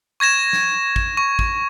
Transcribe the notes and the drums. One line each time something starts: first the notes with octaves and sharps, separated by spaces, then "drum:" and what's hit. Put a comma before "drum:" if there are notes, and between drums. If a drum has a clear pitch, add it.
C#6 G#6 A#6 E7
drum: snare
drum: kick
C#6
drum: kick